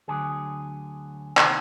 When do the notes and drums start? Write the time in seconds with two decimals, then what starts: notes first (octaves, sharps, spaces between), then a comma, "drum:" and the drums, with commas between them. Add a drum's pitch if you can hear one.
0.08 D2 D3 F#3 G#4
1.37 C3 D#3, drum: clap